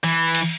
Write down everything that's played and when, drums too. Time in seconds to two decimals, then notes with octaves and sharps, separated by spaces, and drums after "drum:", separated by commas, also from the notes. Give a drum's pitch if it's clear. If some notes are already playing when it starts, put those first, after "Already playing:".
0.04 E3
0.35 drum: cymbal